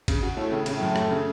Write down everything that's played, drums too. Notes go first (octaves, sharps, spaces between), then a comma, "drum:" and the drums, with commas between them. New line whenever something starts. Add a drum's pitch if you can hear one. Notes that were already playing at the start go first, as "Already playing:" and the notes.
C#3, drum: kick G#1, cymbal
F#4
A2 A3
C#3
A2 C#3, drum: cymbal
F#2
A3, drum: rim click
C#3